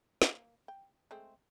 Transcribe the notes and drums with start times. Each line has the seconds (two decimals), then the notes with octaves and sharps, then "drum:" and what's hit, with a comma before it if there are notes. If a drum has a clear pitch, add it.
0.22 A#3, drum: snare
0.68 G5
1.11 G#3 A3 C4